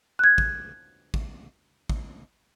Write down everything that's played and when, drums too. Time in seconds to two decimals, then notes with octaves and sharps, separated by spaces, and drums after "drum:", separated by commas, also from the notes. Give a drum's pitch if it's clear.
0.19 F#6 G#6
0.38 drum: kick
1.14 drum: kick
1.90 drum: kick